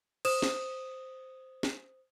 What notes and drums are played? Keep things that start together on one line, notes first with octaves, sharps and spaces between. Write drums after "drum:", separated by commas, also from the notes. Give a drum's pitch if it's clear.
C5 D#6 E7, drum: cymbal
drum: snare
drum: snare